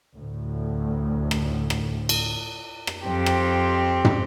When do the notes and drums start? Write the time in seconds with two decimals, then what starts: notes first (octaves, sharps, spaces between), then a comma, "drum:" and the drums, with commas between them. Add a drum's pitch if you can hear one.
0.14 D2 A2
1.31 drum: rim click
1.70 drum: rim click
2.09 drum: cymbal
2.87 drum: rim click
3.07 F2 C4 G4
3.26 drum: rim click
4.05 drum: tom